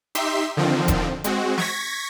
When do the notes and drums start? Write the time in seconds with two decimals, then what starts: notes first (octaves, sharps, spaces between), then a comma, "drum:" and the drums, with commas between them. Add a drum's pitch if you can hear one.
0.15 D#4 G4 E5 C6 B6, drum: hi-hat
0.57 D3 D#3 F3 C4
0.88 drum: kick E1, hi-hat
1.24 G#3 C4 F#4, drum: hi-hat
1.58 C#6 G#6 A#6 B6, drum: snare